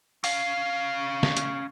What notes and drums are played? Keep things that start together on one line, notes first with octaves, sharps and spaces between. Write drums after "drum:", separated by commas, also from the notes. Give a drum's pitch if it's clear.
C#4 F5, drum: open hi-hat
drum: snare
drum: hi-hat